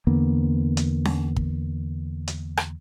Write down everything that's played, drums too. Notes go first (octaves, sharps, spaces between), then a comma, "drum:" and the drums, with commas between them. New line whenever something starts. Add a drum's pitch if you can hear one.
E2 D3 A#3 B3
drum: hi-hat
drum: snare C#4
drum: kick
drum: hi-hat
drum: rim click